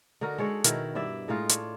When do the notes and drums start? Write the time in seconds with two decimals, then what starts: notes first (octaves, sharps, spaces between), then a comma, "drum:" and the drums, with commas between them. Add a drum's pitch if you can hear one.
0.21 D3 D#4 F#4 A#4
0.38 G#3 A4 C#5 F#5
0.64 B2 D#3 E4 A#4, drum: hi-hat
0.95 G2 E4 D5 E5
1.28 A2 G#3 D#4 F4
1.49 D4 C#5, drum: hi-hat